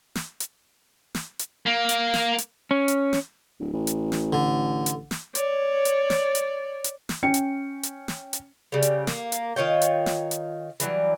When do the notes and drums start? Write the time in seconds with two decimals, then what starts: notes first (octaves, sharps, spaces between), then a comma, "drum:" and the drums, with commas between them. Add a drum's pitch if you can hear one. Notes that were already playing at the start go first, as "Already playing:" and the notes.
0.15 drum: snare
0.40 drum: hi-hat
1.15 drum: snare
1.39 drum: hi-hat
1.66 A#3
1.89 drum: hi-hat
2.14 drum: snare
2.38 drum: hi-hat
2.71 C#4
2.88 drum: hi-hat
3.13 drum: snare
3.60 D1
3.73 A1
3.87 drum: hi-hat
4.12 drum: snare
4.33 D3
4.86 drum: hi-hat
5.11 drum: snare
5.35 C#5 D5, drum: hi-hat
5.85 drum: hi-hat
6.10 drum: snare
6.35 drum: hi-hat
6.84 drum: hi-hat
7.09 drum: snare
7.23 C#4 G5 C#7
7.34 drum: hi-hat
7.83 drum: hi-hat
8.08 drum: snare
8.33 drum: hi-hat
8.72 C#3 G3
8.82 drum: hi-hat
9.07 A#3, drum: snare
9.32 drum: hi-hat
9.56 D#3 F4 C#5 G5
9.82 drum: hi-hat
10.06 drum: snare
10.31 drum: hi-hat
10.80 E3 F#3 G3, drum: hi-hat